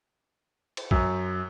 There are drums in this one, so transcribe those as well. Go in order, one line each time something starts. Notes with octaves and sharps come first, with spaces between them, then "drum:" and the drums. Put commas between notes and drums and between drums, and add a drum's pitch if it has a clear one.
drum: cymbal
F#2, drum: kick